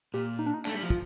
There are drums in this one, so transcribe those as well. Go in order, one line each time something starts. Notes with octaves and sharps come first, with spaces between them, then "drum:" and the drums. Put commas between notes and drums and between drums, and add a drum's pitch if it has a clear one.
A#2 G4
D#4
D4
D#4
A3 D4, drum: clap
G3
F3
F4, drum: kick